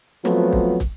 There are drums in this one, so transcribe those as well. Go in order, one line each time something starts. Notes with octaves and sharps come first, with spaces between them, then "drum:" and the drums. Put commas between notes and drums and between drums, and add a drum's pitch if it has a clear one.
F3 F#3 A3 B3 C4 F4, drum: snare
drum: kick
drum: kick, hi-hat